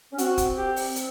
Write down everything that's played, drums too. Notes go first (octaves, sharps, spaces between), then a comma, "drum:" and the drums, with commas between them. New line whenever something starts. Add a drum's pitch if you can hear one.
C#4
C4 F#4, drum: hi-hat
drum: kick, hi-hat
G4
drum: open hi-hat
C4, drum: hi-hat